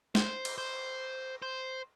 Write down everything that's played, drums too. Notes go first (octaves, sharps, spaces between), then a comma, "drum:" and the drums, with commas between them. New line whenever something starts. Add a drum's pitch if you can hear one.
C5, drum: snare
drum: cymbal
C5
C5